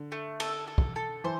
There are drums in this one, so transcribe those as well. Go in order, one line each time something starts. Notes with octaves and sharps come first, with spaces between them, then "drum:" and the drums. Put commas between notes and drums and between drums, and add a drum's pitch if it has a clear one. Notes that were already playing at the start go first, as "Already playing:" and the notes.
Already playing: D3
A3
A4, drum: cymbal
A4
drum: kick
A4
E3 C5